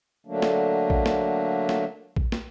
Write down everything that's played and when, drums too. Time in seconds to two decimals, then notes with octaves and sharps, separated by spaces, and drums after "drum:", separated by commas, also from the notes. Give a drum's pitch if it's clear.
0.27 D3 F#3 A3 A#3 D4
0.42 drum: snare
0.90 drum: kick A#1
1.06 drum: snare
1.69 drum: snare
2.16 drum: kick A#1
2.32 drum: snare